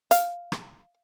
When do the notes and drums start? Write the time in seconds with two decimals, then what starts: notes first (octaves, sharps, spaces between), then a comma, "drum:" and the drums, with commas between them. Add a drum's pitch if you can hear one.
0.11 F5, drum: hi-hat
0.52 drum: rim click